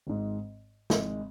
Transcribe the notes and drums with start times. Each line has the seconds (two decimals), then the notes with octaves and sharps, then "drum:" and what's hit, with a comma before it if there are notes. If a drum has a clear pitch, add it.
0.07 G#1 G#2 G#3
0.90 G#1 G#2 G#3, drum: snare